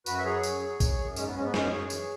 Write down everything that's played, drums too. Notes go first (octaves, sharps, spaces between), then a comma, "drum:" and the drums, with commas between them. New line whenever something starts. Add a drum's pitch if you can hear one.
F#2 F#4 B4, drum: tambourine
E5
F#3 G#4 C#5
F#2, drum: tambourine
F#3
F#2, drum: kick, tambourine
F#2
G#2 G#3 C#4, drum: tambourine
B3
G#2 G#3 C#4
B3
F#2 G#3 C#4, drum: snare
F#2 G#4 C#5
E3, drum: tambourine